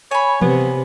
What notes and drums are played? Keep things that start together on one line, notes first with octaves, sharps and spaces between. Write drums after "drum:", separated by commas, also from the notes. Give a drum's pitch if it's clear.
C#5 G#5 B5
C3 B3, drum: tom E3